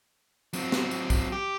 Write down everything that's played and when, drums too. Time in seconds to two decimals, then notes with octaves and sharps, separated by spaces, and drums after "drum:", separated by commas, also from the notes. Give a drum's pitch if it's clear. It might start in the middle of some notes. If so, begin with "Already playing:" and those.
0.53 F#3 C4, drum: tambourine
0.72 drum: snare
0.91 drum: tambourine
1.10 drum: kick A#1, tambourine
1.32 G4